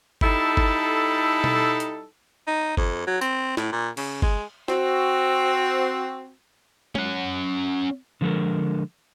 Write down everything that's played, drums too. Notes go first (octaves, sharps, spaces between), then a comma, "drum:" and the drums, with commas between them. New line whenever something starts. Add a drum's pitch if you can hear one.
G3 D#4 E4 A4, drum: kick G1
drum: kick G1
drum: tom B2
drum: hi-hat
D#4
F2, drum: kick G1
F#3
C4, drum: tambourine
A2, drum: snare
A#2
C#3, drum: cymbal
G#3, drum: kick G1
C4 F#4, drum: snare
C#4 F#5, drum: tom G#3
D3 F3 G#3 G4 A4 A#4